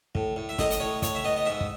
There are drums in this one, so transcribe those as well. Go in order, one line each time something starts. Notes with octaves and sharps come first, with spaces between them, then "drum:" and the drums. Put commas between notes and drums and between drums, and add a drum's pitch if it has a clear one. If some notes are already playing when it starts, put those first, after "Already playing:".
A2, drum: kick
A2
E5
A2 D#5, drum: snare
D#5, drum: hi-hat
A2 C#5
A2 C#5, drum: kick, hi-hat
E5
B3 D#5
D#5
G#2 E5
drum: kick